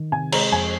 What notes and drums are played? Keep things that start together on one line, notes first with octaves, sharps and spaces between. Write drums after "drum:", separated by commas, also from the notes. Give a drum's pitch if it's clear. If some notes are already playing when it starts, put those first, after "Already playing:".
Already playing: D#3
C3 G#5
G#3 A#5, drum: cymbal
F2 G#5